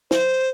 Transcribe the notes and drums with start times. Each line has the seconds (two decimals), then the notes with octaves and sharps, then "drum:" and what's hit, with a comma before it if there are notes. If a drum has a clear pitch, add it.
0.11 C5, drum: snare